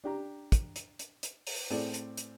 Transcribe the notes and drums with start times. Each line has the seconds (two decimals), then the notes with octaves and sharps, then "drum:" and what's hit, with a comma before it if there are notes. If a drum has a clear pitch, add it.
0.04 D4 G4 A#5
0.52 drum: kick, hi-hat
0.76 drum: hi-hat
0.99 drum: hi-hat
1.23 drum: hi-hat
1.47 drum: open hi-hat
1.70 A2 C4 G#4 A4 C5 D5
1.94 drum: hi-hat
2.17 drum: hi-hat